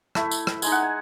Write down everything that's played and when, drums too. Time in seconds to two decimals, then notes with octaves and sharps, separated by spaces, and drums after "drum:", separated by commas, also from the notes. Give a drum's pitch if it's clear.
0.15 A3 E4 E5, drum: rim click
0.31 drum: tambourine
0.47 drum: rim click
0.62 G#3 D#4 G#5, drum: tambourine
0.72 F#5
0.82 G#5